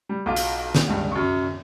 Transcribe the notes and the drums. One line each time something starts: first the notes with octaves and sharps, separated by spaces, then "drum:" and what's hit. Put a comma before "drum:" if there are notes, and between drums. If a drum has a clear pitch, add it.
G3
B1 F4 D6
drum: hi-hat
drum: snare
C#2 G2
F#2 C#6